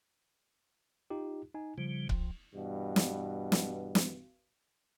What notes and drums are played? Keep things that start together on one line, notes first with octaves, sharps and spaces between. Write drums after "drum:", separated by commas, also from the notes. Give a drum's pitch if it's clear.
D#4 F4 G4
D#4 G#5
C#3 F3 G3
C2, drum: kick C#1
G2 B2 E3
drum: snare
drum: snare
drum: snare